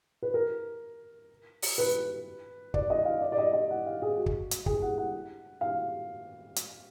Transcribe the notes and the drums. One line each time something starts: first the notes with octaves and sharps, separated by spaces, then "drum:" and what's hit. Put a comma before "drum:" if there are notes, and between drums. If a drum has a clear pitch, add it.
B4
A#4
drum: open hi-hat
B4
D5, drum: kick
D#5
F5
D5
D5
D#5
D#5
F#5
F5
G#4
F#4
drum: kick
drum: hi-hat
G#4, drum: kick
F#5
F#5
F5
drum: hi-hat